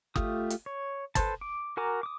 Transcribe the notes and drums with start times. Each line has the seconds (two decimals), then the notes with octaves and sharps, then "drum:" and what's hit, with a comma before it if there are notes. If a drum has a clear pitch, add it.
0.16 A3 F4 G4 D#6, drum: kick G1
0.50 drum: hi-hat
0.66 C#5
1.15 A4 B4 C5 A5, drum: kick G1, hi-hat
1.41 D6
1.77 F#4 A#4 G#5 A#5 D6
2.03 D6 D#6